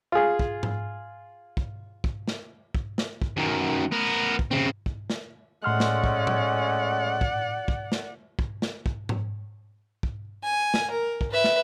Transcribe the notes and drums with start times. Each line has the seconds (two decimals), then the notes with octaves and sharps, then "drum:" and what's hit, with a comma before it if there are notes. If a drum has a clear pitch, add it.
0.12 F4 G#4
0.39 drum: kick
0.63 drum: tom G#2
1.57 drum: kick
2.04 drum: kick
2.28 drum: snare
2.75 drum: kick
2.98 drum: snare
3.22 drum: kick
3.37 F#2 D#3
3.92 B3 A#4
4.39 drum: kick
4.51 C#3 C4
4.86 drum: kick
5.10 drum: snare
5.64 A2 G#3 A3 C#4 D5 F#5 C6 F6
5.80 drum: snare
6.04 drum: kick
6.27 drum: tom A2
7.21 drum: kick
7.68 drum: kick
7.92 drum: snare
8.39 drum: kick
8.62 drum: snare
8.86 drum: kick
9.09 drum: tom G#2
10.03 drum: kick
10.43 G#5
10.74 drum: snare
10.90 A#4
11.21 drum: kick
11.31 B4 E5
11.44 drum: snare